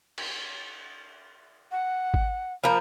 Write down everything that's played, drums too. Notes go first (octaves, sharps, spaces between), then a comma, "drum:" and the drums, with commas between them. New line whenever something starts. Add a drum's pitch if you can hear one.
drum: cymbal
F#5
drum: kick G#1
F3 A#3 B5